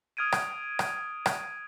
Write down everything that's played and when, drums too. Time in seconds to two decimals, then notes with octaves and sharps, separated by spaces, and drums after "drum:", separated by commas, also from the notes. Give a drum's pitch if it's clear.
0.17 D#6 F6 G#6 D7 D#7
0.32 drum: rim click
0.79 drum: rim click
1.26 drum: rim click